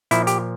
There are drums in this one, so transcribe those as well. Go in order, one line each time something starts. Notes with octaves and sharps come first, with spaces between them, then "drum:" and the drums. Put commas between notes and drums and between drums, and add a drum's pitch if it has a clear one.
A#2 F3 E4, drum: hi-hat
G4, drum: hi-hat